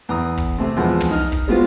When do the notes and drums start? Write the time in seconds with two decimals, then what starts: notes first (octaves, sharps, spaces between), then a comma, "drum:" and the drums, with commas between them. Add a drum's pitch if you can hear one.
0.09 E2 A#5 D#6
0.37 drum: kick
0.58 C3 A3 C4
0.76 E2 F3 G#3 F#5
1.00 drum: tom
1.11 D#4 F6
1.32 drum: kick
1.48 G3 G#3 B3 C4 F4 F#4